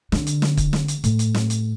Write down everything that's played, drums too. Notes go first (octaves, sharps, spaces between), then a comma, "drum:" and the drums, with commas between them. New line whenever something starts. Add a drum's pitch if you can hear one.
D3, drum: snare
drum: hi-hat
drum: snare
drum: kick, hi-hat
drum: snare
drum: hi-hat
A2, drum: hi-hat
drum: hi-hat
drum: snare
drum: hi-hat